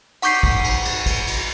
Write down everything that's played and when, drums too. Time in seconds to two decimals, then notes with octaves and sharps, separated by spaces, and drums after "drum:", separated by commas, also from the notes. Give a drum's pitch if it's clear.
0.22 F#5 C#6 D6 G6 B6 C7, drum: cymbal
0.43 drum: kick, cymbal
0.64 drum: cymbal
0.85 drum: cymbal
1.06 drum: kick, cymbal
1.27 drum: cymbal